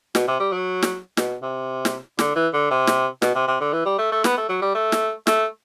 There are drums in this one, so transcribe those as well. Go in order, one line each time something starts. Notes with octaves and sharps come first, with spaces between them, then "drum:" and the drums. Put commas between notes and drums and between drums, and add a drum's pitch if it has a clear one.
B2, drum: snare
C3
G3
F#3
drum: snare
B2, drum: snare
C3
drum: snare
D3, drum: snare
E3
D3
C3
drum: snare
B2, drum: snare
C3
C3
D3
E3
G3
A3
A3
B3, drum: snare
A3
F#3
G3
A3
drum: snare
A3, drum: snare